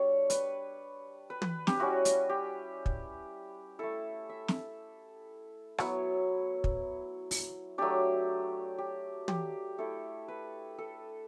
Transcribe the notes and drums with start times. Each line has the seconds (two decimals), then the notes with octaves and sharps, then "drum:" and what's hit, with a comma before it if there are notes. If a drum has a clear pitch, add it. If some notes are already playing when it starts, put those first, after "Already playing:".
Already playing: G3 D4 C#5
0.30 B4, drum: hi-hat
1.30 B4
1.42 B4, drum: tom
1.67 G4, drum: snare
1.79 G3 C#4 E4 F#4
2.05 drum: hi-hat
2.29 G4
2.86 drum: kick
3.79 A3 E4 A4
4.29 E5
4.48 drum: snare
5.78 F#3 B3 E4 C#5, drum: rim click
6.64 drum: kick
7.31 drum: open hi-hat
7.78 F#3 A3 D4 G4
8.78 G4
9.28 G4, drum: tom
9.78 A3 E4 A4
10.28 B4
10.78 A4